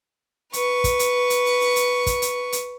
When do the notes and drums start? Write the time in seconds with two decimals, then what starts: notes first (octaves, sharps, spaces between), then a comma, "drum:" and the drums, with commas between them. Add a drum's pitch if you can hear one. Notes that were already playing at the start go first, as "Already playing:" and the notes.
0.53 B4 C#6, drum: hi-hat
0.84 drum: kick, hi-hat
0.99 drum: hi-hat
1.30 drum: hi-hat
1.45 drum: open hi-hat
1.61 drum: open hi-hat
1.76 drum: hi-hat
2.06 drum: kick, hi-hat
2.22 drum: hi-hat
2.52 drum: hi-hat